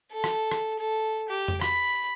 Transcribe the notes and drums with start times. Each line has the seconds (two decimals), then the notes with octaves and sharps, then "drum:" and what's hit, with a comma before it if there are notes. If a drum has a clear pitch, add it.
0.12 A4
0.24 drum: rim click
0.52 drum: rim click
0.79 A4
1.29 G4
1.48 drum: tom F2
1.61 B5, drum: rim click